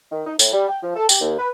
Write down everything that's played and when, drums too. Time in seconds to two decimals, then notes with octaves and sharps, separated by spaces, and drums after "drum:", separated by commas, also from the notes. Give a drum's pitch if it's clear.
0.12 D#3
0.27 D#4
0.39 A2, drum: tambourine
0.52 G3
0.69 G5
0.83 F3
0.96 A4
1.09 G4, drum: tambourine
1.21 D#2
1.38 B4